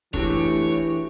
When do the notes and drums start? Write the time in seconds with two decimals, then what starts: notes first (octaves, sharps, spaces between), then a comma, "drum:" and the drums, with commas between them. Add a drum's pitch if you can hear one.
0.14 E3 A3 D4 F#4 G4 A4 C#5, drum: kick